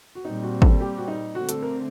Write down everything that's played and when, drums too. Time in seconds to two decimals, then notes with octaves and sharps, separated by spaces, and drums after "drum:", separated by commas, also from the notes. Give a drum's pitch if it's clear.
0.15 F#4
0.24 A#2 G3 C4 D#4
0.43 F#4
0.62 A4, drum: kick
0.81 G4
0.98 F#4
1.08 D#4
1.35 D3 A3 C4 F#4
1.49 A4, drum: hi-hat
1.63 A#4